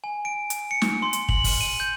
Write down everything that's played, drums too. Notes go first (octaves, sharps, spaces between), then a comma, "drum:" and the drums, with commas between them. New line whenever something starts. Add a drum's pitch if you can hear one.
G#5
D7
drum: hi-hat
C#7
drum: snare
C6
drum: hi-hat
F#7, drum: kick
drum: kick, open hi-hat
D#7
G6